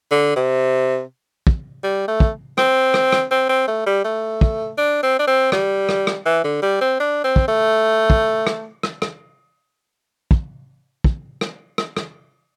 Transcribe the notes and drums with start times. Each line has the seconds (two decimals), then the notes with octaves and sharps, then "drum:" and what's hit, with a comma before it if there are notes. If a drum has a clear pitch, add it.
0.11 D3
0.36 C3
1.47 drum: kick
1.84 G3
2.08 A3
2.20 drum: kick
2.58 C4, drum: rim click
2.94 drum: rim click
3.12 drum: rim click
3.31 C4
3.49 C4
3.68 A3
3.86 G3
4.04 A3
4.41 drum: kick
4.78 D4
5.03 C4
5.19 D4
5.27 C4
5.52 G3, drum: rim click
5.89 drum: rim click
6.07 drum: rim click
6.26 E3
6.44 D3
6.62 G3
6.81 C4
7.00 D4
7.24 C4
7.36 drum: kick
7.48 A3
8.10 drum: kick
8.47 drum: rim click
8.83 drum: rim click
9.02 drum: rim click
10.31 drum: kick
11.04 drum: kick
11.41 drum: rim click
11.78 drum: rim click
11.97 drum: rim click